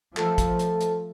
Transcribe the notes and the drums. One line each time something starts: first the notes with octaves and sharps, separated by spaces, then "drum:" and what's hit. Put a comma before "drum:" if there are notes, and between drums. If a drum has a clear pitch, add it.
F3 A3 A4, drum: clap
drum: kick, hi-hat
drum: hi-hat
drum: hi-hat